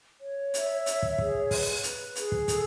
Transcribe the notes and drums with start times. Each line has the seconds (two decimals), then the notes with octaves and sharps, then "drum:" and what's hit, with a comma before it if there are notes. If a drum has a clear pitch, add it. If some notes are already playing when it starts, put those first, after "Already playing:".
0.21 C#5
0.54 E5, drum: hi-hat
0.86 C#5, drum: hi-hat
1.02 drum: kick
1.18 G#4, drum: kick
1.51 B4, drum: kick, open hi-hat
1.83 B4, drum: hi-hat
2.16 G#4, drum: hi-hat
2.32 drum: kick
2.48 A4, drum: kick, hi-hat